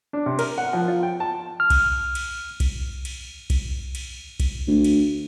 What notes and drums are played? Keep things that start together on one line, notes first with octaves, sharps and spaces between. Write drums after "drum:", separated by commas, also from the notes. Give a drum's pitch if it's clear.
D4
C3
A#4, drum: cymbal
F#5
F3
F4
G5
A5
F6
drum: kick B1, cymbal
drum: cymbal
drum: kick B1, cymbal
drum: cymbal
drum: kick B1, cymbal
drum: cymbal
drum: kick B1, cymbal
D2
drum: cymbal